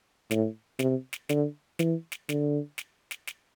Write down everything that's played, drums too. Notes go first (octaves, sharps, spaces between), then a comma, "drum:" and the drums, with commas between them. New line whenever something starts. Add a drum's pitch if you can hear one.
A2, drum: snare
C3, drum: snare
drum: snare
D3, drum: snare
E3, drum: snare
drum: snare
D3, drum: snare
drum: snare
drum: snare
drum: snare